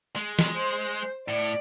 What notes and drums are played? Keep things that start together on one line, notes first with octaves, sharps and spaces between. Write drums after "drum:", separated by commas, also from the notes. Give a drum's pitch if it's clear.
G#3
drum: snare
C5
A2 D5